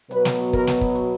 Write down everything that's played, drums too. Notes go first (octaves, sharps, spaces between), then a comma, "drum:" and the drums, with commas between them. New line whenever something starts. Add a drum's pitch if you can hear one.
B2 F#3 B3 B4, drum: hi-hat
drum: snare
drum: hi-hat
A#4, drum: kick, hi-hat
drum: snare
drum: kick, hi-hat
drum: hi-hat